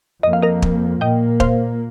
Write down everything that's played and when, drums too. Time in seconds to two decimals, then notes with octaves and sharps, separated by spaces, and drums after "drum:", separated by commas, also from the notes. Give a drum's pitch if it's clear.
0.23 F2 F3 A#3 D#5
0.33 F5
0.42 A#4 D#5
0.62 drum: kick
1.01 A#2 A#3 D#5 G5
1.40 C5 F5, drum: kick